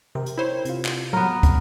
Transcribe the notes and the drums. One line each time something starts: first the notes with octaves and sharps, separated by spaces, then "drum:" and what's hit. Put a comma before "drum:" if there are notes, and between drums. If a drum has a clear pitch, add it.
C3 A#4 G5
drum: hi-hat
E4 C5 C#5
C3 F4, drum: hi-hat
drum: clap
F#3 B3 A#4
drum: kick, hi-hat